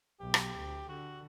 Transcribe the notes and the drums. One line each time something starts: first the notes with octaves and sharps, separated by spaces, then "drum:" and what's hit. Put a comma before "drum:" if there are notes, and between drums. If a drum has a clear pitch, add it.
B1 G4
drum: rim click
D2
D3 F#4